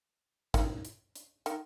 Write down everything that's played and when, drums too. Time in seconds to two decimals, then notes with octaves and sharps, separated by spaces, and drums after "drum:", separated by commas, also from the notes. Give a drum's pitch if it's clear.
0.54 D#3, drum: kick, hi-hat
0.85 drum: hi-hat
1.15 drum: hi-hat
1.46 D#3, drum: hi-hat